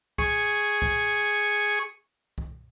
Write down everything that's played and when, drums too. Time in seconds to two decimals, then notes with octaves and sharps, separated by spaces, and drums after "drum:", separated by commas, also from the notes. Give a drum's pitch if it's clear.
0.18 G#4 C#6, drum: kick C2
0.82 drum: kick C2
2.38 drum: kick C2